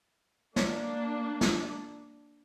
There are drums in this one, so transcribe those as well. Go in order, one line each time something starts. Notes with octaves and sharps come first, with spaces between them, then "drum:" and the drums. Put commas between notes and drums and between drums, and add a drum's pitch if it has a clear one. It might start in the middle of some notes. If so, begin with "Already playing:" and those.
A#3 D4, drum: snare
drum: snare